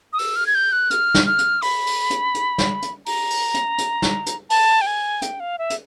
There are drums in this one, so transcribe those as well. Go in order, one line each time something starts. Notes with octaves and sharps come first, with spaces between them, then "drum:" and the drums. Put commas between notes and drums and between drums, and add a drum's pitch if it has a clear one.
D#6
E6, drum: open hi-hat
F6
G#6
G6
F#6
F6, drum: hi-hat
drum: snare
F6
drum: hi-hat
B5, drum: open hi-hat
drum: open hi-hat
drum: hi-hat
drum: hi-hat
drum: snare
drum: hi-hat
A#5, drum: open hi-hat
drum: open hi-hat
drum: hi-hat
drum: hi-hat
drum: snare
drum: hi-hat
A5, drum: open hi-hat
G5
G#5
G5, drum: hi-hat
F5
E5
drum: hi-hat